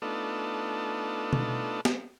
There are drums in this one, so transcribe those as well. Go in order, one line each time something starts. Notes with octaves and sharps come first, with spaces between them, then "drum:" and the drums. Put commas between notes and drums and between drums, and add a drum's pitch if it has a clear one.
A3 B3 D4 D#4 F4 A4
drum: tom B2
drum: snare